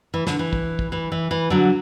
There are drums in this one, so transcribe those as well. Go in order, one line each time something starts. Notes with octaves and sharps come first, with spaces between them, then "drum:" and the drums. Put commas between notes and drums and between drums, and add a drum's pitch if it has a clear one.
E3
D3, drum: snare
E3
drum: kick
drum: kick
E3
E3
E3
D3 F#3